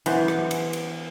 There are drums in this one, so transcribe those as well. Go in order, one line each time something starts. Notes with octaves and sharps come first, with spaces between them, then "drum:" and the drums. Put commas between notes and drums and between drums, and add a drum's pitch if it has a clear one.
E3 B3 C5, drum: cymbal
drum: rim click
drum: cymbal
drum: cymbal